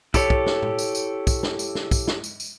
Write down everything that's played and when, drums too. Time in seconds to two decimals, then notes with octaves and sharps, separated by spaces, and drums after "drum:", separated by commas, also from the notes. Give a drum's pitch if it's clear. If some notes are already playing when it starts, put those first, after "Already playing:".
0.14 E4 G4 A4 C#5, drum: kick, tambourine
0.30 drum: kick
0.46 drum: snare
0.62 drum: tom A2
0.79 drum: tambourine
0.95 drum: tambourine
1.27 drum: kick, tambourine
1.43 drum: snare
1.59 drum: tambourine
1.75 drum: snare
1.91 drum: kick, tambourine
2.08 drum: snare
2.24 drum: tambourine
2.40 drum: tambourine